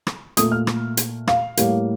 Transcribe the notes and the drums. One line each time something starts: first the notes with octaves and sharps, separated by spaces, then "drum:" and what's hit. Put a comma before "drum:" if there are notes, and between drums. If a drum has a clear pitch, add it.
drum: rim click
A#2 A3 D#6, drum: hi-hat
F6
drum: rim click
drum: hi-hat
F5, drum: rim click
A2 G3 A#3, drum: hi-hat